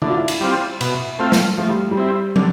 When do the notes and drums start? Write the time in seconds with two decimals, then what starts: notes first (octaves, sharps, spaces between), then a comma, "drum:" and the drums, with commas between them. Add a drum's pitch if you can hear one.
0.02 D3 E4, drum: tom D3
0.10 F4
0.18 E4
0.28 drum: cymbal
0.41 G3 C4 F4
0.81 B2, drum: cymbal
1.19 A3 C4 F4
1.32 drum: snare A3
1.58 F3 A3
1.69 G3
1.91 G3
1.97 C4 E4
2.36 D3, drum: tom